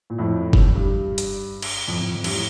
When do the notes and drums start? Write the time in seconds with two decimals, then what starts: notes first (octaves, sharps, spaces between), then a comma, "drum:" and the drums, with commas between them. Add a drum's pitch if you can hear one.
0.10 A#2
0.18 F2 A2
0.53 drum: kick F#1
0.75 G2
1.18 drum: hi-hat
1.62 drum: cymbal
1.88 F2
2.01 F2
2.15 F2
2.24 G2, drum: cymbal
2.30 A2